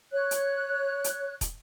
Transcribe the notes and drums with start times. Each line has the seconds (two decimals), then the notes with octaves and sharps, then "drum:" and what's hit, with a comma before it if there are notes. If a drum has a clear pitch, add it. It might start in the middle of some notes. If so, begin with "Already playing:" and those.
0.13 C#5 F#6
0.31 drum: hi-hat
1.04 drum: hi-hat
1.41 drum: kick, hi-hat